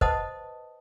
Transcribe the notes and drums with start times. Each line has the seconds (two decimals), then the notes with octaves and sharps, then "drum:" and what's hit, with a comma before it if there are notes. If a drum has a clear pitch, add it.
0.01 B4 C5 D#5 F#5 A5 D#6, drum: kick